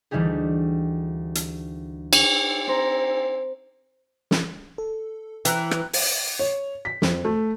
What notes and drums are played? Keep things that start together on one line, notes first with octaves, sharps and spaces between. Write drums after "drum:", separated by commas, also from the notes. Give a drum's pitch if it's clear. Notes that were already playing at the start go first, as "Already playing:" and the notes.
D2 E3 G3 D#4 G4 G#4
drum: hi-hat
drum: cymbal
C4 C5 A#5
drum: snare
A4
E3 G5 A#5 F#6, drum: hi-hat
drum: rim click
drum: open hi-hat
C#5
B6
F2, drum: snare
A3